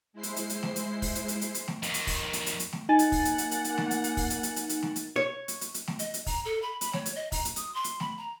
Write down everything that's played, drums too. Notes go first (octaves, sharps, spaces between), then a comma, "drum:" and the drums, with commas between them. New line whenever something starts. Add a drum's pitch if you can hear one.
G#3 E4 C5 C7
drum: hi-hat
drum: hi-hat
drum: hi-hat
drum: snare
drum: hi-hat
drum: kick, open hi-hat
drum: hi-hat
drum: hi-hat
drum: hi-hat
drum: hi-hat
drum: snare
F2 D#3, drum: hi-hat
drum: hi-hat
drum: kick, open hi-hat
drum: hi-hat
drum: hi-hat
drum: hi-hat
drum: snare
A#3 D#4 F#5 G#5 A6
drum: hi-hat
drum: kick, open hi-hat
drum: hi-hat
drum: hi-hat
drum: hi-hat
drum: hi-hat
drum: snare
drum: hi-hat
drum: hi-hat
drum: kick, open hi-hat
drum: hi-hat
drum: hi-hat
drum: hi-hat
drum: hi-hat
drum: snare
drum: hi-hat
C#5
drum: hi-hat
drum: hi-hat
drum: hi-hat
drum: snare
D#5, drum: hi-hat
drum: hi-hat
A#5, drum: kick, open hi-hat
A4
B5
B5, drum: hi-hat
C#5, drum: snare
drum: hi-hat
D#5
A#5, drum: kick, open hi-hat
drum: hi-hat
D#6, drum: hi-hat
C6
drum: hi-hat
B5, drum: snare
A#5